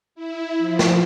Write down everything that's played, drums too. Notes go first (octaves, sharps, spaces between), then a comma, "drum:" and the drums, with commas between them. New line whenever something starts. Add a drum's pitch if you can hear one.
E4
F3
drum: snare